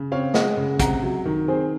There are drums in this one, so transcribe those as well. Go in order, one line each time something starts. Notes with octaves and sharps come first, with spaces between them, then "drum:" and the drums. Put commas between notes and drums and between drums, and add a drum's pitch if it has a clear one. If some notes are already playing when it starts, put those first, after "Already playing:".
Already playing: C#3
C4 C#5 F5
G#3 D#5 F#5, drum: snare
C#3
C3 F#5 A#5, drum: kick, hi-hat
F#3
D#3
C4 G#4 C5